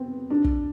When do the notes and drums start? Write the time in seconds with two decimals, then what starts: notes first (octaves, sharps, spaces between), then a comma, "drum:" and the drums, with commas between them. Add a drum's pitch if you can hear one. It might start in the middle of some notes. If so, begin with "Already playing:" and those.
Already playing: B3 C4
0.30 D4
0.44 drum: kick